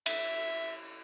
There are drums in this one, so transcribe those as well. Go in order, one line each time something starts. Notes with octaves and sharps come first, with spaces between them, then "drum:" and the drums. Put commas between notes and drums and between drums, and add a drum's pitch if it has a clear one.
E5, drum: cymbal